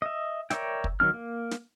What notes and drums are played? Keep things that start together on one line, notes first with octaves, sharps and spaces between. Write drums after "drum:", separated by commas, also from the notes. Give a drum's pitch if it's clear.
D#5 E5
A#4 C#5 D5 E5 G5, drum: snare
drum: kick
D#3 F#3 D4 F6
A#3
drum: snare